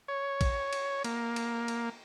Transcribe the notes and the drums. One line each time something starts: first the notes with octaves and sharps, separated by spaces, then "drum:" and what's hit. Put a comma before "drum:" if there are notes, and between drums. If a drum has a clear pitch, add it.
C#5
drum: kick, cymbal
drum: cymbal
A#3, drum: cymbal
drum: cymbal
drum: cymbal